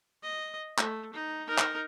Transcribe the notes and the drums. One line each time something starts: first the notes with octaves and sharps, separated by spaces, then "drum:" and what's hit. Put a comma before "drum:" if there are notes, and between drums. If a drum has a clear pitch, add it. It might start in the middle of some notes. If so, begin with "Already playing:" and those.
D#5
A3, drum: clap
D#4
D#4 A#4
drum: clap